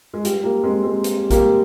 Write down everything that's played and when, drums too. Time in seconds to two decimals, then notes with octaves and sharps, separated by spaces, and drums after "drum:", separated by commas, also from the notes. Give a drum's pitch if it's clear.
0.14 G#3
0.25 G3, drum: hi-hat
0.44 G3 A#3
0.63 G#3 C4
0.84 G#3 C4
1.04 drum: hi-hat
1.30 G3 A#3, drum: kick, hi-hat